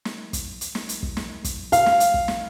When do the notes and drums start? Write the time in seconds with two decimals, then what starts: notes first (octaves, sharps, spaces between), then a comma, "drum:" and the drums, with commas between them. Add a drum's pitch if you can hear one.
0.05 drum: snare
0.33 drum: kick, hi-hat
0.61 drum: hi-hat
0.75 drum: snare
0.89 drum: hi-hat
1.03 drum: kick
1.17 drum: snare
1.44 drum: kick, hi-hat
1.72 F5, drum: hi-hat
1.86 drum: snare
2.00 drum: hi-hat
2.14 drum: kick
2.28 drum: snare